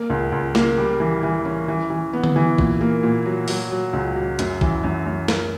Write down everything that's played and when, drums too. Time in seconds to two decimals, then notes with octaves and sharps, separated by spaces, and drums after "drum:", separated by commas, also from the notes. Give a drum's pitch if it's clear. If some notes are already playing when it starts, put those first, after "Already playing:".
Already playing: A#3
0.10 C#2
0.32 C#2
0.55 A#3, drum: snare
0.78 G3
1.00 E3
1.23 E3
1.45 C#4
1.68 E3
1.90 E3
2.13 B3
2.24 drum: tom D3
2.36 E3
2.58 A#2, drum: kick
2.81 A#3
3.03 A#2
3.25 F#3
3.48 F#3, drum: open hi-hat
3.71 F#3
3.93 C#2
4.16 F#3
4.39 F#2, drum: hi-hat
4.61 E3, drum: kick
4.83 F#2
5.06 F#2
5.28 A#4, drum: snare